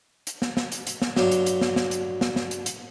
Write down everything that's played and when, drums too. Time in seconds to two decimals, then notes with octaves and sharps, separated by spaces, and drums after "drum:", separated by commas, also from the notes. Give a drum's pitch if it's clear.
0.27 drum: hi-hat
0.42 drum: snare
0.57 drum: snare
0.72 drum: hi-hat
0.87 drum: hi-hat
1.02 drum: snare
1.17 G2 F#3, drum: snare
1.31 drum: hi-hat
1.46 drum: hi-hat
1.61 drum: snare
1.76 drum: snare
1.91 drum: hi-hat
2.21 drum: snare
2.36 drum: snare
2.51 drum: hi-hat
2.66 drum: hi-hat